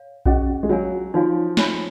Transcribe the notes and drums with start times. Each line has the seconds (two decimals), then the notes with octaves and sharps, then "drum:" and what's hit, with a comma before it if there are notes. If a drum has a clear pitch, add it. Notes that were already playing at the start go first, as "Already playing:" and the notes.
Already playing: C#5 F5
0.26 C#4 F#4 G#4 D#5, drum: kick A#1
0.63 G#3
0.69 F#3 F4 A#4 C#5 F5 G#5
1.14 F3 D#4 F#4 C#5 F5 G#5
1.57 F#4 C#5 G#5 B5, drum: snare